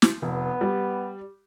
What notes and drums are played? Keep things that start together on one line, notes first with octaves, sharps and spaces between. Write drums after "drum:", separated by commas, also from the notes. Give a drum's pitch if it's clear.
drum: snare
F1 B3
G3